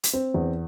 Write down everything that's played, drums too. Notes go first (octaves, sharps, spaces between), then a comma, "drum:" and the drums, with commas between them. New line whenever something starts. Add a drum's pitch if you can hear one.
drum: hi-hat
C4
E2